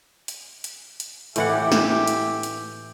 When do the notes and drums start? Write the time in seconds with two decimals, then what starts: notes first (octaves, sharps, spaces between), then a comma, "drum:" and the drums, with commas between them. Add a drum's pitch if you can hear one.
0.28 drum: hi-hat
0.64 drum: hi-hat
1.00 drum: hi-hat
1.36 A2 E3 G4 E5 F#5 D6, drum: hi-hat
1.72 drum: snare
2.07 drum: hi-hat
2.43 drum: hi-hat